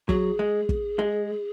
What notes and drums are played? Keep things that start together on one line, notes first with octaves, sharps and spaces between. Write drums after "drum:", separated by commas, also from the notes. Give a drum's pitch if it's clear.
F#3 G#4, drum: kick
G#3
drum: kick
G#3